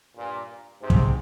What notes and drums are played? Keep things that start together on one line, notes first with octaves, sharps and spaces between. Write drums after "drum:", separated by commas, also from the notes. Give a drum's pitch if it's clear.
G2 A#2
G#2 C3
drum: kick